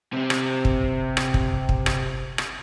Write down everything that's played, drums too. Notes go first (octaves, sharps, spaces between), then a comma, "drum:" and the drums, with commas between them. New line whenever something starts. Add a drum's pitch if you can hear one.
C3 C4
drum: rim click
drum: kick
drum: rim click
drum: kick
drum: kick
drum: rim click
drum: rim click